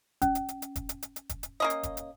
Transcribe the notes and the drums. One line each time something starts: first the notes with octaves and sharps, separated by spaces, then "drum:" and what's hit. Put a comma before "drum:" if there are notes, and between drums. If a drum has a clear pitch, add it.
C#4, drum: kick E1, hi-hat
drum: hi-hat
drum: hi-hat
drum: hi-hat
drum: kick E1, hi-hat
drum: hi-hat
drum: hi-hat
drum: hi-hat
drum: kick E1, hi-hat
drum: hi-hat
A#3 C#4 D#5
drum: hi-hat
drum: kick E1, hi-hat
drum: hi-hat